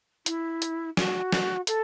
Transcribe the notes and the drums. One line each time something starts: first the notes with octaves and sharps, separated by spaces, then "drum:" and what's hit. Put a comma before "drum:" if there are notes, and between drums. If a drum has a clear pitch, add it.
E4, drum: hi-hat
drum: hi-hat
F#4, drum: snare
drum: snare
A4, drum: hi-hat